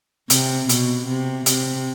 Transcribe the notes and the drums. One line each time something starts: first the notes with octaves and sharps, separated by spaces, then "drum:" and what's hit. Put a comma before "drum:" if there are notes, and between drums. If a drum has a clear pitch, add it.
C3, drum: hi-hat
B2, drum: hi-hat
C3
C3, drum: hi-hat